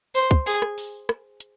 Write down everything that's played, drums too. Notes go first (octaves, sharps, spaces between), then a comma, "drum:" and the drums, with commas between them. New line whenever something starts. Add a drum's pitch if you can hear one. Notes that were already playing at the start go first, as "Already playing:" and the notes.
C5, drum: hi-hat
drum: kick
G#4, drum: hi-hat
drum: rim click
drum: open hi-hat
drum: rim click
drum: hi-hat